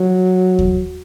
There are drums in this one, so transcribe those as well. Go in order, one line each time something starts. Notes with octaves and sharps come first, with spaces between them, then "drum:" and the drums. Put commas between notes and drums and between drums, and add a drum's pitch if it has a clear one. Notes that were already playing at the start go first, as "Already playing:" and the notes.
Already playing: F#3
drum: kick D#2